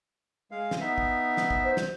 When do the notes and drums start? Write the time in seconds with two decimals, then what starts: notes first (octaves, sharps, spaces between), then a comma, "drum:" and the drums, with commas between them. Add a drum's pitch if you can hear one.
0.51 G#3 F5
0.71 drum: snare
0.81 B3 D#4 E5
0.98 drum: kick
1.37 drum: snare
1.51 drum: kick
1.64 C5
1.77 drum: snare